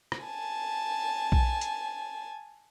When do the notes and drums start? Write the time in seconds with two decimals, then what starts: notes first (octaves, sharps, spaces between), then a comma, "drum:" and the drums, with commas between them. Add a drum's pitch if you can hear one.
0.12 drum: rim click
0.23 G#5 A5
1.32 drum: kick B1
1.61 drum: hi-hat